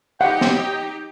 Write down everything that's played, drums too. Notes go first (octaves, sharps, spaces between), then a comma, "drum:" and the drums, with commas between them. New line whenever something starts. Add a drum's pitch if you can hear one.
D#4 G4 F#5 G5
drum: snare